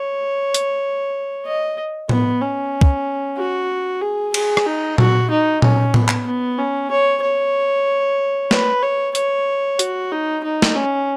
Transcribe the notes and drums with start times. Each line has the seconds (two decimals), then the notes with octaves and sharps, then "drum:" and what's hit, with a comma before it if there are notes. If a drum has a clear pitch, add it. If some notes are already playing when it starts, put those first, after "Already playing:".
Already playing: C#5
0.54 drum: hi-hat
1.46 D#5
2.09 B3, drum: tom A2
2.42 C#4
2.81 drum: kick
3.38 F#4
4.02 G#4
4.34 G#4, drum: cymbal
4.57 drum: rim click
4.66 D#4
4.98 F#4, drum: tom A#2
5.31 D#4
5.62 C#4, drum: tom A#2
5.94 B3, drum: tom A2
6.08 drum: clap
6.26 B3
6.59 C#4
6.91 C#5
7.23 C#5
8.51 B4, drum: snare
8.83 C#5
9.15 C#5, drum: hi-hat
9.79 F#4, drum: hi-hat
10.12 D#4
10.44 D#4
10.62 drum: snare
10.76 C#4